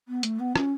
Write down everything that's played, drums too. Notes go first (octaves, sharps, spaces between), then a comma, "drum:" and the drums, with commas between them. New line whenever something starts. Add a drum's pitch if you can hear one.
B3
A3, drum: hi-hat
B3
C#4, drum: rim click